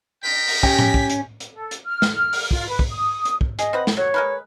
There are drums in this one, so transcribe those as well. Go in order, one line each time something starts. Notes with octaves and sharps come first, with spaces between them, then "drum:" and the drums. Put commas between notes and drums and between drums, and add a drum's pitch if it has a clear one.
A#4 D#5 G5 B6
drum: open hi-hat
C#4 G4, drum: kick
drum: tom A2
drum: kick
drum: hi-hat
drum: hi-hat
A4
drum: hi-hat
F6
drum: snare
drum: open hi-hat
F4, drum: kick
B4
drum: kick
D#6
drum: hi-hat
drum: kick
G#4 D#5, drum: hi-hat
C4 B4 F#5
drum: snare
F#3 C#5
G#3 A#4 B4